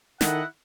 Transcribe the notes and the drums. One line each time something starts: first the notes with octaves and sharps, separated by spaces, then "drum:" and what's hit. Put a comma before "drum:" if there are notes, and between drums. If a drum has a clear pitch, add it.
D#3 E4 A4 D#5 F#5, drum: snare